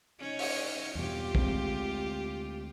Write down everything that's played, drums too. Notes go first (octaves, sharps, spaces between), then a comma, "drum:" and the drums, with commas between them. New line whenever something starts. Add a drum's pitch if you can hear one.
C#4 D#4 C#5
drum: open hi-hat
E2 G2 B2 F4 G4
D2 G#3 C4, drum: kick